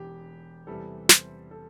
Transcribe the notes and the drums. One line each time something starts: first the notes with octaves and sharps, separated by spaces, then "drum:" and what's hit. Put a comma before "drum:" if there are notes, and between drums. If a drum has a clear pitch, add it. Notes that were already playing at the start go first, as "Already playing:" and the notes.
Already playing: E1 E2 G4
E2 C3 E3 G3 A4
C5, drum: snare
A4